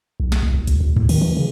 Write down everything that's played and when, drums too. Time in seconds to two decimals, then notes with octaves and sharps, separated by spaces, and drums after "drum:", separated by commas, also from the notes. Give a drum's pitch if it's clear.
0.20 B1
0.32 drum: snare
0.42 C2
0.54 C2
0.67 D2, drum: hi-hat
0.80 D2
0.96 D#2, drum: tom G#2
1.09 D#3, drum: cymbal
1.21 E3
1.37 C#3